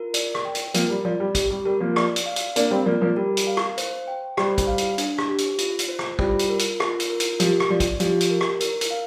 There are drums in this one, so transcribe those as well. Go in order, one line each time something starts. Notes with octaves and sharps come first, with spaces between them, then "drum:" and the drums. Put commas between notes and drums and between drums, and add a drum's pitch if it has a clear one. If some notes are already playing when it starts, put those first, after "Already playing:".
Already playing: F4 A#4
D5, drum: hi-hat
drum: rim click
G5
drum: hi-hat
F3 A#3 A#4, drum: hi-hat
G3
F3 D5
G3
G4, drum: kick, hi-hat
G3
G3 A#4
F3 A#3
D5, drum: rim click
drum: hi-hat
F5
drum: hi-hat
A#3 D4 A#4, drum: hi-hat
G3 C4
F3 A#3 D5
F3 A#3
G3 A#4
drum: hi-hat
F5
drum: rim click
C5, drum: hi-hat
G5
G3 C5, drum: rim click
drum: kick, hi-hat
F5
drum: hi-hat
D4, drum: hi-hat
drum: rim click
G4
drum: hi-hat
F4, drum: hi-hat
drum: hi-hat
C5
drum: rim click
G3 F4, drum: kick
drum: hi-hat
A#4
drum: hi-hat
F4, drum: rim click
drum: hi-hat
A#4
drum: hi-hat
F3 G4, drum: hi-hat
drum: rim click
F3 D5
drum: kick, hi-hat
F3 G4, drum: hi-hat
drum: hi-hat
A#4
drum: rim click
A#4, drum: hi-hat
drum: hi-hat
F5